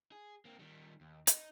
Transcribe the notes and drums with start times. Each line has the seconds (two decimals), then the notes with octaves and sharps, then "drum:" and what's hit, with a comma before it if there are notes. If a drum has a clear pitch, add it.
0.12 G#4
0.45 A#3 C4
0.59 D#3 G3
1.01 D#2
1.27 D#4, drum: hi-hat